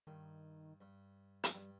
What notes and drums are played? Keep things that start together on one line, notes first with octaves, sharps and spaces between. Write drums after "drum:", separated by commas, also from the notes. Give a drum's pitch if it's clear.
G2 D#3
G2
F2, drum: hi-hat
G2 G3